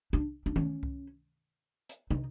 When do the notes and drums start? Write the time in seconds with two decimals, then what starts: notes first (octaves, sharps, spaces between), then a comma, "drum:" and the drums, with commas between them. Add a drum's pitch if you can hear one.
0.13 D4
0.46 D4
0.56 C#4, drum: tom D#3
0.83 drum: kick C2
1.89 drum: hi-hat
2.10 D#4, drum: tom